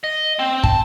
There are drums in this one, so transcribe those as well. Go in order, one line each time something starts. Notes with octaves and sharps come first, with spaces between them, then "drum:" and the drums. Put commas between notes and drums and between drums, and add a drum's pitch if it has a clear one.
D#5
C4
A5, drum: kick